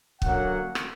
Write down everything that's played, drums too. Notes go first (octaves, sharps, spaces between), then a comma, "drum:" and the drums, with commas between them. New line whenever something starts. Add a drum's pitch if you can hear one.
D3 F#3 A#3 C#4 F#5, drum: kick
drum: rim click